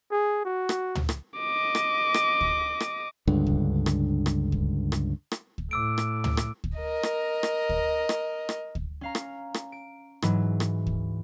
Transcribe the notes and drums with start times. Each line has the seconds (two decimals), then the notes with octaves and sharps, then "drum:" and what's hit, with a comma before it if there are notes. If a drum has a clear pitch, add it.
0.11 G#4
0.45 F#4
0.69 drum: rim click
0.95 drum: tom
1.09 drum: rim click
1.38 D#5 D6
1.75 drum: rim click
2.14 drum: rim click
2.41 drum: kick
2.80 drum: rim click
3.27 C#2 G2 D3
3.47 drum: kick
3.86 drum: rim click
4.26 drum: rim click
4.52 drum: kick
4.92 drum: rim click
5.32 drum: rim click
5.58 drum: kick
5.71 A2 D6 E6 D7
5.98 drum: rim click
6.24 drum: tom
6.37 drum: rim click
6.64 drum: kick
6.78 A#4 D#5
7.03 drum: rim click
7.43 drum: rim click
7.69 drum: kick
8.09 drum: rim click
8.49 drum: rim click
8.75 drum: kick
9.01 C#4 F5 A#5
9.15 drum: rim click
9.54 drum: rim click
9.72 D7
10.22 G#2 E3 F#3, drum: rim click
10.60 drum: rim click
10.87 drum: kick